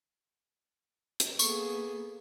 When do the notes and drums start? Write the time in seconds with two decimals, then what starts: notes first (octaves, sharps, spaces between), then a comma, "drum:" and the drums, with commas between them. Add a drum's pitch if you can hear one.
1.20 drum: hi-hat
1.39 A#3 B3 G#4 A4 C#6, drum: tambourine